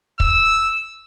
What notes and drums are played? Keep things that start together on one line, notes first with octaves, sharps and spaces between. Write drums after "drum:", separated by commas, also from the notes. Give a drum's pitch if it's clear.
E6, drum: kick